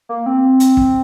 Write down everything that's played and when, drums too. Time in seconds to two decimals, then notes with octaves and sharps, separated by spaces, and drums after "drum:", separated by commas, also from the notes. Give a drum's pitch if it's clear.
0.09 A#3
0.26 C4
0.60 drum: hi-hat
0.77 drum: kick